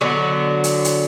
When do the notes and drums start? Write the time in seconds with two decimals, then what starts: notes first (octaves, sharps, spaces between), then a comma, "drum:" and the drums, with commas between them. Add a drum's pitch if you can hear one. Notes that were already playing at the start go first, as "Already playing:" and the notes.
0.01 D3 F#3 B3
0.64 drum: hi-hat
0.84 drum: hi-hat